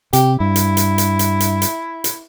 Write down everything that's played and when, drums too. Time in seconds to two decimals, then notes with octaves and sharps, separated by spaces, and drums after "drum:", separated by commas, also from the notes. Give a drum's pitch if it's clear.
0.13 C3 G4, drum: hi-hat
0.40 G2 E4
0.56 drum: hi-hat
0.77 drum: hi-hat
0.98 drum: hi-hat
1.19 drum: hi-hat
1.40 drum: hi-hat
1.62 drum: hi-hat
2.04 drum: hi-hat